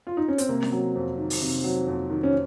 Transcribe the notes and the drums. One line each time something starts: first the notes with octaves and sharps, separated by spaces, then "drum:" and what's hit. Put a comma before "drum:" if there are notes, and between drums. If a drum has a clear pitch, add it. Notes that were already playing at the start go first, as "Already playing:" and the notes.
F4
D#4
C#4
C4, drum: hi-hat
C3 A#3
drum: snare C#4
F#3
F2
D#3
drum: open hi-hat
C3
F#3
F2
D#3
C#4